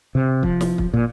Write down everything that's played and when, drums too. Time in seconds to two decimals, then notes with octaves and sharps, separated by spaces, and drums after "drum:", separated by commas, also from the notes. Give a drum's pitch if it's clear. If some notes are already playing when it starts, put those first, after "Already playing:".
0.15 C3
0.43 F3, drum: kick
0.61 drum: snare
0.78 drum: kick
0.94 A#2